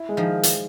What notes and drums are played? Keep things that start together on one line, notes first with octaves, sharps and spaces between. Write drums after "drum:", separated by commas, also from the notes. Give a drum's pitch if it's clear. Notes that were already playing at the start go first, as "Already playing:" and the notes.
Already playing: E4
G#3
D#3 F3
drum: hi-hat